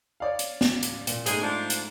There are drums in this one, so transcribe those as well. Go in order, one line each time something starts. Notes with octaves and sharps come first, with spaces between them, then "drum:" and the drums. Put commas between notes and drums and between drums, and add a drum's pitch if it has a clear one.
C#5 D5 F5
drum: hi-hat
drum: snare
drum: hi-hat
A#2, drum: hi-hat
G#2 G#3 A3 C4 G#4, drum: hi-hat
F3 C4 D4
drum: hi-hat